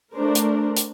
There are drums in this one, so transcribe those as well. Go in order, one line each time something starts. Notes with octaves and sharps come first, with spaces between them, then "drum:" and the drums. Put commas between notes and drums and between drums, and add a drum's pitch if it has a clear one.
A3 D4 A#4 C5
drum: hi-hat
drum: hi-hat